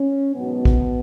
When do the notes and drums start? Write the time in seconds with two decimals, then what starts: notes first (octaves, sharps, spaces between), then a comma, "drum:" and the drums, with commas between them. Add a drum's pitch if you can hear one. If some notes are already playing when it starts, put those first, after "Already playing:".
Already playing: C#4
0.35 G#2 B2 D#3 F#3 B3
0.65 drum: kick A#1